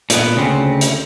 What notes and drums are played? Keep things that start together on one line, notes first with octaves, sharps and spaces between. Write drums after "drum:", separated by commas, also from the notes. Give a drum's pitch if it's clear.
A#2 B3, drum: hi-hat
D2 C#3 C4
drum: hi-hat